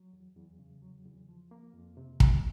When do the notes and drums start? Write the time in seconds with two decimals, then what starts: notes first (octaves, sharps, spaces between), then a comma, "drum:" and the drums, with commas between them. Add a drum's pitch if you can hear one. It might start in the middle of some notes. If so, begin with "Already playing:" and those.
Already playing: F#3
0.13 E2
0.36 E2
0.59 C#3
0.82 F#3
1.05 E2
1.28 F3
1.51 A#3
1.74 F2
1.97 C3
2.20 F3, drum: kick